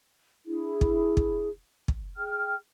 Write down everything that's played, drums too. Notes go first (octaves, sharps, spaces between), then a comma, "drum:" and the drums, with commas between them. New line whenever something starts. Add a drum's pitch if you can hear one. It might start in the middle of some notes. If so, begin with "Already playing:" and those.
D4 E4 G#4
drum: kick
drum: kick
drum: kick
G#4 G5 F6